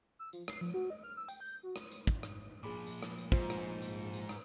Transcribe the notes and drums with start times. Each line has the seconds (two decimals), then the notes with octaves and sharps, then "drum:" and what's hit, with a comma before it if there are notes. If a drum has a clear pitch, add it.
0.19 E6
0.33 F3, drum: tambourine
0.48 C7, drum: rim click
0.61 F3
0.74 F#4
0.90 D#5
1.03 F6
1.17 E6
1.28 G5, drum: tambourine
1.40 G6
1.63 F#4
1.76 drum: rim click
1.92 drum: tambourine
2.07 drum: kick
2.23 drum: rim click
2.63 A#2 F3 G#4 B5 D6
2.87 drum: tambourine
3.02 drum: rim click
3.18 drum: tambourine
3.32 G#2 F4 C5, drum: kick
3.50 drum: rim click
3.82 drum: tambourine
4.13 drum: tambourine
4.29 drum: rim click